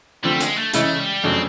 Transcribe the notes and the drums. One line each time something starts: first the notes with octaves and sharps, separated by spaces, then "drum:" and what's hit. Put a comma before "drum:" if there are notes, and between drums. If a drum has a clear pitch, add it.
D3 F3 G3 A3 C4
G#3, drum: hi-hat
A3
C#3 E3 G#3 A3 C#4 E4, drum: hi-hat
G3
F2 C#3 F#3 A3 C4 D4